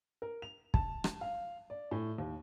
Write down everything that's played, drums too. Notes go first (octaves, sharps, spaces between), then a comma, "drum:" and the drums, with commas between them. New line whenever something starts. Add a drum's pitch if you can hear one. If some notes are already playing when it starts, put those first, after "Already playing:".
A#4
F7
A5, drum: kick
drum: rim click
F5
D5
A2
D#2